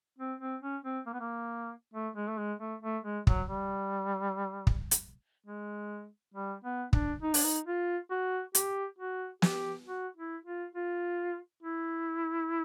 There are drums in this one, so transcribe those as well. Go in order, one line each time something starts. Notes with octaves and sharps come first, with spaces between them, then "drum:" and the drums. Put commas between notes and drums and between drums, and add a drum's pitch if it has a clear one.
C4
C4
C#4
C4
A#3
B3
A#3
A3
G#3
A3
G#3
A3
A3
G#3
F#3, drum: kick
G3
drum: kick
drum: hi-hat
G#3
G3
B3
D4, drum: kick
D#4
D4, drum: open hi-hat
D#4
F4
F#4
G4, drum: hi-hat
F#4
G4, drum: snare
F#4
E4
F4
F4
E4